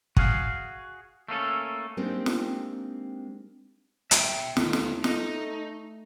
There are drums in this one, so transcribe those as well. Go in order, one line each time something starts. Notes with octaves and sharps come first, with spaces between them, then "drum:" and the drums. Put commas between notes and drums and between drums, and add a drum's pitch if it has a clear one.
F#4 G#4 F5, drum: kick
A3 A#3 C#4 A4
G#3 A#3 C4 D4 D#4 G4
drum: snare
E5 G5, drum: hi-hat
D#2 D#3 A3, drum: snare
drum: snare
D#4, drum: snare